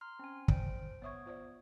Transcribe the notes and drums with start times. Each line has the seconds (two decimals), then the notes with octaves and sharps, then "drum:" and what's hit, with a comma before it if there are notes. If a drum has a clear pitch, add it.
0.01 A#5 C6 F6
0.19 C4 C#4 G#5
0.48 C5 D5 G5 D7, drum: kick
1.02 B3 C#5 E5 C#6 D#6 G#6
1.26 F4 C5 D5